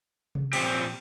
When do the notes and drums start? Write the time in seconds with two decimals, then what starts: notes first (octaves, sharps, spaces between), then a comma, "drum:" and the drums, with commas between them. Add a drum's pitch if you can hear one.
0.35 drum: tom C3
0.53 A#2 F3 C4 G4, drum: cymbal